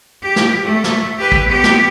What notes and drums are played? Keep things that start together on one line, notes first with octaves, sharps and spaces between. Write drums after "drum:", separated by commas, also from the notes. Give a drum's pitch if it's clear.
G4
drum: snare
A3
drum: snare
G4 B4
drum: kick
B3 G4
drum: snare